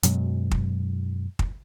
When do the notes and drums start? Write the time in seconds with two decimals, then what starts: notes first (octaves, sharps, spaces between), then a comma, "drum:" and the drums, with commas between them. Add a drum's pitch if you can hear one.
0.03 F#2 B2 F#3 G#3, drum: hi-hat
0.51 drum: kick
1.39 drum: kick